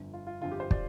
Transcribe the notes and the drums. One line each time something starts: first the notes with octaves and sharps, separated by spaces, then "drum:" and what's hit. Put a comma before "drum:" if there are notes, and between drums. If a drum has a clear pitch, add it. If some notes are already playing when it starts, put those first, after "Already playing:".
Already playing: G1 F2 D3
F4
F4
G1 F2 D3 F4
G4
C5
D5, drum: kick